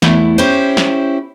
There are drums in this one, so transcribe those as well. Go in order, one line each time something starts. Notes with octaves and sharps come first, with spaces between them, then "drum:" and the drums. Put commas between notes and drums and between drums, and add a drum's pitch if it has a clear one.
E2 A3 E4, drum: snare
C#4 E4 G4 C5
drum: snare